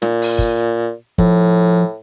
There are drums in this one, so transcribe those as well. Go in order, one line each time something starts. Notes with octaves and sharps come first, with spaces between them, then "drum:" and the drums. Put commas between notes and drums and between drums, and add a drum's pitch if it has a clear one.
A#2, drum: snare
drum: open hi-hat
drum: kick
A2 F3, drum: kick